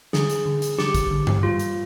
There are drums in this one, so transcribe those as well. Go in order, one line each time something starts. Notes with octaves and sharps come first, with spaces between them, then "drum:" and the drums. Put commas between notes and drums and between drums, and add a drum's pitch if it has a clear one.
D3 G#4, drum: snare
drum: hi-hat
D3
drum: hi-hat
D3 G4, drum: snare
drum: kick, hi-hat
D3
drum: tom G2
G3 F4
drum: hi-hat